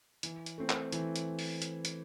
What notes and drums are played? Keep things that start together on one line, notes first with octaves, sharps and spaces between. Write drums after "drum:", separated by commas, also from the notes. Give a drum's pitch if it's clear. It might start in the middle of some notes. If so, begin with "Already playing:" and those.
E3, drum: hi-hat
drum: hi-hat
A3 C4
drum: clap
E3, drum: hi-hat
drum: hi-hat
drum: open hi-hat
drum: hi-hat
drum: hi-hat